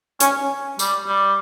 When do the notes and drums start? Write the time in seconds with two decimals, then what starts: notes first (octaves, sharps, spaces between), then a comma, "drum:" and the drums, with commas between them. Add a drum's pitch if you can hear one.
0.20 C#4, drum: hi-hat
0.79 G3, drum: tambourine
1.07 G3